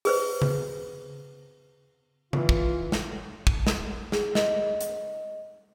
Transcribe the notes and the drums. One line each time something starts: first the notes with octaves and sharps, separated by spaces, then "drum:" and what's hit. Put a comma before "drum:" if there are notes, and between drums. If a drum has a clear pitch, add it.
G#4 B4 C5, drum: open hi-hat
drum: tom C#3
E3 F4, drum: tom C#3
drum: kick
drum: snare
drum: kick
drum: snare
G#4, drum: snare
D#5, drum: snare
drum: hi-hat